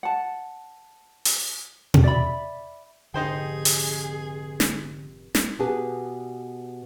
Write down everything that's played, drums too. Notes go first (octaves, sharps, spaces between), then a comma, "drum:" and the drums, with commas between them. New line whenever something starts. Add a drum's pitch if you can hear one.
F#5 A5
drum: open hi-hat
drum: tom B2
D5 E5 B5
F1 G#2 D3 G#3 D#4 G#4 C5 G5
drum: open hi-hat
drum: snare
drum: snare
B2 G4 G#4 B4 A5